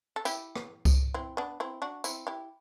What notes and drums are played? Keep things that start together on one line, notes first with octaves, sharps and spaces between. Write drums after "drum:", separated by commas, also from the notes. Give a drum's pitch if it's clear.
A4
E4 G4, drum: tambourine
drum: rim click
drum: kick C2, tambourine
C4 E4
B3 D4
C4 E4
D4 F#4
C4 E4, drum: tambourine
E4 G4